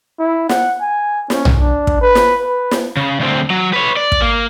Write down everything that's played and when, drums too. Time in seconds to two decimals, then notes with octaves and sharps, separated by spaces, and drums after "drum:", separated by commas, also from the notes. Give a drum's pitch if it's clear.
0.19 E4
0.49 F#5, drum: snare
0.81 G#5
1.30 C#4, drum: snare
1.45 drum: tom B1
1.59 D4
1.87 drum: kick
2.01 B4
2.15 drum: snare
2.44 B4
2.71 drum: snare
2.97 C#3
3.20 D2 C4
3.50 F#3
3.73 B4 C#5
3.97 D5
4.12 drum: kick
4.22 A#3